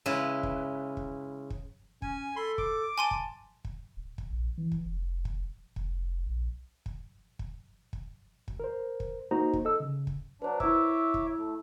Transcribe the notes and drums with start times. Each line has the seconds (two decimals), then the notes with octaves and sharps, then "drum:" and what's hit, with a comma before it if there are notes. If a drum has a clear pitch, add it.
0.06 C#3 G#3 E4 B4
0.43 drum: kick
0.97 drum: kick
1.50 drum: kick
2.02 C#4 G#5, drum: kick
2.36 A4 B5 C6
2.58 D6, drum: kick
2.98 G#5 A5 C6 D#7
3.11 drum: kick
3.65 drum: kick
3.97 D1
4.18 drum: kick
4.30 A#1
4.58 E3
4.72 drum: kick
4.85 F1
5.25 drum: kick
5.76 F1, drum: kick
6.26 A#1
6.86 drum: kick
7.39 drum: kick
7.93 drum: kick
8.48 D2, drum: kick
8.60 A#4 C5
9.00 drum: kick
9.31 A#3 D#4 F#4 C5 D#5 A#5
9.53 drum: kick
9.65 A4 D#5 E6
9.80 C#3
10.07 drum: kick
10.42 F#3 D4 B4 C5
10.60 E4 C#5 E5 D6 E6, drum: kick
11.14 drum: kick
11.37 A3